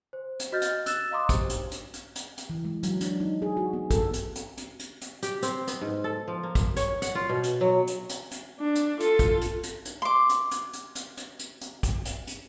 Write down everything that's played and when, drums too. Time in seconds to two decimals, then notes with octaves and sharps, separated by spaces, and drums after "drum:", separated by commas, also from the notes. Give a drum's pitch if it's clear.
0.13 C5
0.40 drum: hi-hat
0.52 F#4 D#5 F6 G6 A6
0.62 drum: hi-hat
0.86 E6 F#6 A6 E7, drum: hi-hat
1.11 D#5 F5 A#5 C6 D6 D#6
1.29 G4 C5, drum: kick, hi-hat
1.50 drum: hi-hat
1.72 drum: hi-hat
1.94 drum: hi-hat
2.16 drum: hi-hat
2.38 drum: hi-hat
2.50 E3
2.65 G#3
2.83 F#3, drum: hi-hat
3.01 D4, drum: hi-hat
3.20 D#4
3.42 G#4
3.57 F#4
3.73 B3
3.90 A4, drum: kick, hi-hat
4.13 drum: hi-hat
4.35 drum: hi-hat
4.57 drum: hi-hat
4.79 drum: hi-hat
5.01 drum: hi-hat
5.23 G4, drum: hi-hat
5.42 C4, drum: hi-hat
5.67 B3, drum: hi-hat
5.81 G#2
6.04 A4
6.28 F3
6.43 A#3
6.55 drum: kick, hi-hat
6.76 C#5, drum: hi-hat
7.02 F#5, drum: hi-hat
7.15 F4
7.29 B2
7.43 drum: hi-hat
7.61 F#3
7.87 drum: hi-hat
8.09 drum: hi-hat
8.31 drum: hi-hat
8.60 D4
8.75 drum: hi-hat
9.00 F4 A4, drum: hi-hat
9.19 drum: kick, hi-hat
9.41 drum: hi-hat
9.63 drum: hi-hat
9.85 drum: hi-hat
10.02 C6 D6
10.29 drum: hi-hat
10.51 drum: hi-hat
10.73 drum: hi-hat
10.95 drum: hi-hat
11.17 drum: hi-hat
11.39 drum: hi-hat
11.61 drum: hi-hat
11.83 drum: kick, hi-hat
12.05 drum: hi-hat
12.27 drum: hi-hat